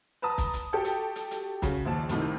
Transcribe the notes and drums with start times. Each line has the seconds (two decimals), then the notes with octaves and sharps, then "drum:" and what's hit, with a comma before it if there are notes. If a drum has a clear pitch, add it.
0.22 B4 A5 A#5 D#6
0.38 drum: kick, hi-hat
0.53 drum: hi-hat
0.73 F#4 G4 A4 G5
0.84 drum: hi-hat
1.16 drum: hi-hat
1.31 drum: hi-hat
1.62 C#3 F#4, drum: kick, hi-hat
1.85 A#1 D#2 A5
2.09 C2 A2 C3 D#3, drum: hi-hat